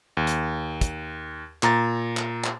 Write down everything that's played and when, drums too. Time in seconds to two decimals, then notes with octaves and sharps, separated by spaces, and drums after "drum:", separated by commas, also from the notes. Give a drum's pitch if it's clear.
0.17 D#2
0.27 drum: hi-hat
0.81 drum: kick, hi-hat
1.63 A#2 A#5 A6, drum: clap
2.17 drum: clap
2.44 drum: clap